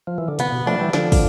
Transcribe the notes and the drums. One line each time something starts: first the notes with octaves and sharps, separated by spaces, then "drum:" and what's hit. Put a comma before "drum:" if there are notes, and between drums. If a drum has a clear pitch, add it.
F3
E3
D3
C3 B3, drum: hi-hat
B2
F3 A3 D4
E3 G3
D3 F3 D4, drum: snare
drum: kick, open hi-hat